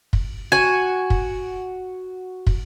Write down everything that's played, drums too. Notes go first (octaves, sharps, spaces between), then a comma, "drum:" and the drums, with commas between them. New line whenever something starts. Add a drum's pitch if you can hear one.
drum: kick
F#4 G#5
drum: kick
drum: kick